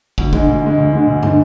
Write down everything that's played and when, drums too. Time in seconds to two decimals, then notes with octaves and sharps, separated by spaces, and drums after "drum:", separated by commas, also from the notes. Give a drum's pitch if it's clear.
0.18 D2, drum: kick
0.33 D3 G#3, drum: kick
0.48 D2
0.62 D3 G#3
0.77 D2
0.93 D3 G#3
1.07 D2
1.23 D3 G#3, drum: tom